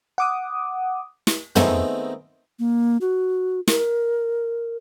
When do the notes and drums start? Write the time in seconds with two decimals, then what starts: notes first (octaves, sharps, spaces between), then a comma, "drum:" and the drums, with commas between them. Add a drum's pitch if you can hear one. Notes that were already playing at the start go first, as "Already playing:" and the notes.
0.18 F#5 D6 D#6
1.27 drum: snare
1.56 D#3 G#3 A3 B3 C4 D#4, drum: tom
2.59 A#3
3.01 F#4
3.68 A#4, drum: snare